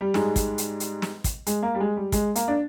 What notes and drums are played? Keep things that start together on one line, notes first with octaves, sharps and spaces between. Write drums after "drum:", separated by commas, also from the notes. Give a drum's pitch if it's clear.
G3
G#2 G3 G#3, drum: snare
drum: kick, hi-hat
drum: hi-hat
drum: hi-hat
drum: snare
drum: kick, hi-hat
G#3, drum: hi-hat
A#3
G3
G#3
G3
G#3, drum: kick, hi-hat
A#3, drum: hi-hat
D4